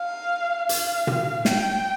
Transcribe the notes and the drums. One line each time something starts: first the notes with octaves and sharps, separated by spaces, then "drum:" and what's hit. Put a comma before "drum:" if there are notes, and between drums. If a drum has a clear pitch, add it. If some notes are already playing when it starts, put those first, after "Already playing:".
Already playing: F5
F5, drum: hi-hat
drum: tom
G5, drum: snare